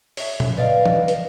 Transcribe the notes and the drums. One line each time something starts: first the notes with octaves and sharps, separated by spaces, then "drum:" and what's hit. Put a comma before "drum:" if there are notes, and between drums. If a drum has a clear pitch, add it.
C#5 E5, drum: open hi-hat
drum: tom A#2
B4 D5 D#5 F5
drum: tom E3
drum: hi-hat